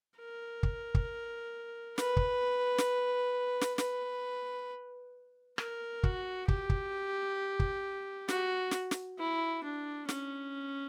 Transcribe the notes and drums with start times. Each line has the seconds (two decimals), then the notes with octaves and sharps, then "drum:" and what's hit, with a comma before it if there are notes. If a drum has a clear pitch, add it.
0.18 A#4
0.63 drum: kick
0.95 drum: kick
1.98 B4, drum: snare
2.17 drum: kick
2.78 drum: snare
3.61 drum: snare
3.78 B4, drum: snare
5.58 A#4, drum: rim click
6.03 F#4, drum: kick
6.48 G4, drum: kick
6.70 drum: kick
7.60 drum: kick
8.28 F#4, drum: snare
8.71 drum: snare
8.91 drum: snare
9.19 E4
9.64 D4
10.09 C#4, drum: snare